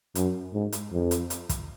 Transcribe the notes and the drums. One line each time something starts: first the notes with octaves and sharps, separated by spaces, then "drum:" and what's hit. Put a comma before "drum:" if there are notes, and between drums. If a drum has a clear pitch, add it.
F#2, drum: hi-hat
G#2
drum: hi-hat
F2
drum: hi-hat
drum: hi-hat
drum: kick, hi-hat